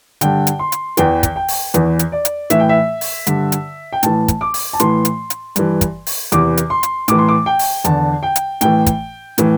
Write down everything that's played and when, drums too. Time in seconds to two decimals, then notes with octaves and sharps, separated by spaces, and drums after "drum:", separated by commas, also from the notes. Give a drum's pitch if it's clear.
0.21 G2 D3 G5, drum: hi-hat
0.47 drum: hi-hat
0.59 C6
0.72 drum: hi-hat
0.97 E2 E3 G5, drum: hi-hat
1.23 drum: kick, hi-hat
1.36 G5
1.48 drum: open hi-hat
1.74 E2 E3, drum: hi-hat
1.99 drum: hi-hat
2.12 D5
2.25 drum: hi-hat
2.50 A2 E3 E5, drum: hi-hat
2.60 G5
2.69 E5
3.01 drum: open hi-hat
3.27 G2 D3, drum: hi-hat
3.52 drum: hi-hat
3.93 G5
4.03 A2 E3 A5, drum: hi-hat
4.28 drum: kick, hi-hat
4.41 D6
4.54 drum: open hi-hat
4.73 A5
4.80 A2 E3 C6, drum: hi-hat
5.05 drum: hi-hat
5.30 drum: hi-hat
5.56 G2 E3, drum: hi-hat
5.81 drum: kick, hi-hat
6.07 drum: open hi-hat
6.32 E2 C3 E3 D6, drum: hi-hat
6.57 drum: hi-hat
6.70 C6
6.83 drum: hi-hat
7.08 A2 E3 D6, drum: hi-hat
7.18 C6
7.28 D6
7.46 G5
7.59 drum: open hi-hat
7.84 E2 D3 A5, drum: hi-hat
8.23 G5
8.36 drum: hi-hat
8.61 A2 E3 G5, drum: hi-hat
8.86 drum: kick, hi-hat
9.38 A2 E3, drum: hi-hat